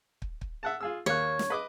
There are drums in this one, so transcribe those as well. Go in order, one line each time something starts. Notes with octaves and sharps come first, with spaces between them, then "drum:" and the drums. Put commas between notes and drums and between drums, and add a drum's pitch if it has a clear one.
drum: kick
drum: kick
E5 F#5 A5
F4 G#4 E6
D#2 A#3 C#5 F#6
drum: snare
B4 D#5 D6